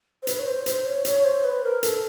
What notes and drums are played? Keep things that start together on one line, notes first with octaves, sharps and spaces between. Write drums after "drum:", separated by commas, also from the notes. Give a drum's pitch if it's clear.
C5
B4, drum: hi-hat
C#5
C5
C5, drum: hi-hat
C#5
C#5, drum: hi-hat
C5
B4
A#4
A4, drum: hi-hat